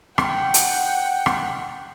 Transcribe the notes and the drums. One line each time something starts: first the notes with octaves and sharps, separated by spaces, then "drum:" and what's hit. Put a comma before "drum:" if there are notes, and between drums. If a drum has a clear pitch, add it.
F#5 G5, drum: rim click
drum: hi-hat
drum: rim click